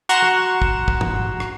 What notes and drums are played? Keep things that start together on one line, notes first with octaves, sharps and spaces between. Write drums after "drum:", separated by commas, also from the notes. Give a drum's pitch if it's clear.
F#4 F#5 A#5 C6 C#6 E7
drum: rim click
drum: kick
drum: kick
drum: tom
drum: rim click